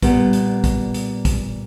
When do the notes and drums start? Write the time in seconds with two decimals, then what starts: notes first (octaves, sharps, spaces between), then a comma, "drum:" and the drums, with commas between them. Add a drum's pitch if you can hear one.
0.03 A#2 G3 B3, drum: kick, hi-hat
0.33 drum: hi-hat
0.64 drum: kick, hi-hat
0.94 drum: hi-hat
1.25 drum: kick, hi-hat